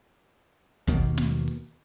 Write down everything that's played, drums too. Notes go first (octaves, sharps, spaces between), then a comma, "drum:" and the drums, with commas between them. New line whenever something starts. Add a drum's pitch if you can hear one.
D#2 B2 D#3 A#3, drum: kick, hi-hat
drum: snare
drum: open hi-hat